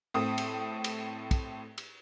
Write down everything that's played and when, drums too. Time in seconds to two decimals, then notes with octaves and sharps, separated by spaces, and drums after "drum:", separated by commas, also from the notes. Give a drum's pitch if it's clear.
0.14 A2 C4 D#6
0.38 drum: cymbal
0.84 drum: cymbal
1.31 drum: kick, cymbal
1.78 drum: cymbal